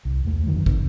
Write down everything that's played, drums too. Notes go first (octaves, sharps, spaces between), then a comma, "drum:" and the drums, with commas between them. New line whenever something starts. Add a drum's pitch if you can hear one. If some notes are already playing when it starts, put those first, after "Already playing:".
C2
E2 A3
F#1 D3 D#3 F#3
F1 C#2 D#3 C4, drum: kick